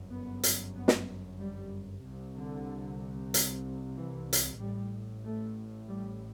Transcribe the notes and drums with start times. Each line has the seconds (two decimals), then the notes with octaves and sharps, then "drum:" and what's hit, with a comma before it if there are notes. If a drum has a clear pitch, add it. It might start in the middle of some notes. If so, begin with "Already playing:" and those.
Already playing: G1 F#2
0.10 B3
0.43 drum: hi-hat
0.75 B3
0.88 drum: snare
1.39 G3
2.03 C2 C3
2.35 D3
3.34 drum: hi-hat
3.96 E3
4.33 drum: hi-hat
4.59 A1 A2 G3
5.24 A3
5.88 G3